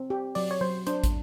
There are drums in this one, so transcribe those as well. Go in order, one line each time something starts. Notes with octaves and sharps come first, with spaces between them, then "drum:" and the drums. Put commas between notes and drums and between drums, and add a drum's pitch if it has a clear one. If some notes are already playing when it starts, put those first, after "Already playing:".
Already playing: C4
G4
F#3 D5, drum: open hi-hat
C#5
F#3 C5
D4 C5, drum: hi-hat
drum: kick, hi-hat